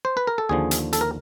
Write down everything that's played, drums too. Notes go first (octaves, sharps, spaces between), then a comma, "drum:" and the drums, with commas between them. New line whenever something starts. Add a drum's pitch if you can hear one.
C5
B4
A#4
A4
D#2 D3 F3 G#4
drum: hi-hat
A4, drum: hi-hat
A#4